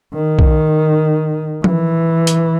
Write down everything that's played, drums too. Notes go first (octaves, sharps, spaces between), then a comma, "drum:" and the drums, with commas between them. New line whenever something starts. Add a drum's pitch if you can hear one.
D#3
drum: kick B1
E3, drum: tom F3
drum: hi-hat